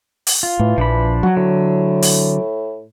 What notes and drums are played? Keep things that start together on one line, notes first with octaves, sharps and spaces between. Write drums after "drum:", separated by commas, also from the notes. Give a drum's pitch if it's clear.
drum: open hi-hat
F4
A2 E3
A#1 F3 D4 B5
F#3 F#4
A2 D3
drum: open hi-hat